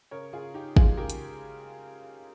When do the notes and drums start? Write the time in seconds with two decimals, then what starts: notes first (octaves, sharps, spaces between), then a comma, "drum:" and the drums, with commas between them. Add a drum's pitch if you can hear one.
0.11 C#3 A#4 C#5
0.33 C#3 F4 G#4
0.54 D#4 G4
0.77 G#3 F4 G#4, drum: kick
0.97 C#3 G4 A#4
1.10 drum: hi-hat